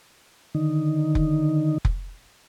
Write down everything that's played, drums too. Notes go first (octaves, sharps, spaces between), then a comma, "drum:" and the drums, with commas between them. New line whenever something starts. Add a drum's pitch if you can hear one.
D3 D#3 D#4
drum: kick F1
drum: kick F1